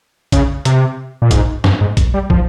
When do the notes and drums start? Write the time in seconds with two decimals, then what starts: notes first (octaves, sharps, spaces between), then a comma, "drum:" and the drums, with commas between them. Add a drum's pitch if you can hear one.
0.32 C#3, drum: kick, hi-hat
0.65 C3, drum: hi-hat
1.22 A#2
1.31 G#2, drum: kick, hi-hat
1.64 G2, drum: snare
1.81 G#2
1.97 drum: kick, hi-hat
2.14 G3
2.30 F3, drum: kick